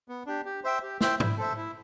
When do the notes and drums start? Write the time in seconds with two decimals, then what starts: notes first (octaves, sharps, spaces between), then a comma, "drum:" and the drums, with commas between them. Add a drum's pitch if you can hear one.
0.08 B3
0.26 D4 G4
0.45 G4
0.64 C5 E5 G5
0.82 G4
1.01 C5 E5 G5, drum: snare
1.20 E4, drum: tom G#2
1.38 A4 C5 E5
1.57 E4